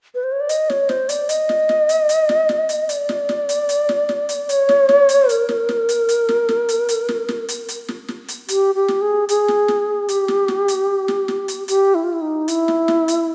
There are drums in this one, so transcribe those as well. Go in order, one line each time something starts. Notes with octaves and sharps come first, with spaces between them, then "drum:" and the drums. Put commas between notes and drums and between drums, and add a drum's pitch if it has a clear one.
B4
C5
C#5
D5
D#5, drum: hi-hat
C#5, drum: snare
C5, drum: snare
D5, drum: hi-hat
D#5, drum: hi-hat
drum: snare
drum: snare
drum: hi-hat
drum: hi-hat
drum: snare
drum: snare
drum: hi-hat
D5, drum: hi-hat
drum: snare
drum: snare
drum: hi-hat
drum: hi-hat
drum: snare
drum: snare
drum: hi-hat
C#5, drum: hi-hat
drum: snare
drum: snare
drum: hi-hat
A#4, drum: hi-hat
drum: snare
drum: snare
drum: hi-hat
drum: hi-hat
drum: snare
drum: snare
drum: hi-hat
drum: hi-hat
drum: snare
drum: snare
drum: hi-hat
drum: hi-hat
drum: snare
drum: snare
drum: hi-hat
G4, drum: hi-hat
G4
drum: snare
G#4
G#4, drum: hi-hat
drum: snare
drum: snare
G4, drum: hi-hat
drum: snare
drum: snare
drum: hi-hat
drum: snare
drum: snare
drum: hi-hat
G4, drum: hi-hat
E4
F4
E4
D#4
E4, drum: hi-hat
drum: snare
drum: snare
drum: hi-hat